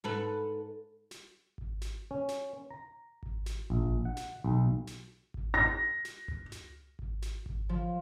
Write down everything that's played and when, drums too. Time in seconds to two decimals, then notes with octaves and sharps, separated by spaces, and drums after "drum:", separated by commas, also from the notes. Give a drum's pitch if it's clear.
0.04 G#2 A4 B4
1.11 drum: snare
1.58 drum: kick G#1
1.82 drum: snare
2.11 C#4
2.29 drum: snare
2.71 A#5
3.23 drum: kick G#1
3.46 drum: snare
3.70 A#1, drum: kick G#1
4.05 F#5
4.17 drum: snare
4.44 B1
4.87 drum: snare
5.34 drum: kick G#1
5.54 A#6
6.05 drum: snare
6.28 drum: tom C#2
6.52 drum: snare
6.99 drum: kick G#1
7.22 drum: snare
7.46 drum: kick G#1
7.69 F3